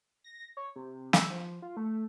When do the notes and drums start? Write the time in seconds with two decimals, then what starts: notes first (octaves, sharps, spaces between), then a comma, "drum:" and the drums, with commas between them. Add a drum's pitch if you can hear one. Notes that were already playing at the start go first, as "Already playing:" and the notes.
0.24 A#6
0.57 C#5
0.76 C3
1.13 E6, drum: snare
1.30 F3
1.62 F4
1.77 A3